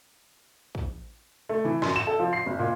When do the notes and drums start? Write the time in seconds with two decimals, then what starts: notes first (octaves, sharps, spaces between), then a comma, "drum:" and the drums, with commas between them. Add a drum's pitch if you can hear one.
0.75 drum: kick
1.49 A3
1.65 E3
1.82 F#2, drum: snare
1.96 E7
2.07 A4
2.19 F3
2.33 C7
2.46 F#1
2.59 A#2